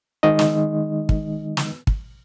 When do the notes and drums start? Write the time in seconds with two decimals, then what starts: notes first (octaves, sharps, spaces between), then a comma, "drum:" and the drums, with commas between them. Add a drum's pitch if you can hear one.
0.23 D#3 G#3 D#4 D#5
0.39 drum: snare
1.09 drum: kick
1.57 drum: snare
1.87 drum: kick